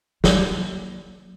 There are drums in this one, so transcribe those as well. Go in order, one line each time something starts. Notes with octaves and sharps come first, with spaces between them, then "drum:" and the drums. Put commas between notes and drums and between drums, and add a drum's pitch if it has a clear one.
F#3 A#3, drum: snare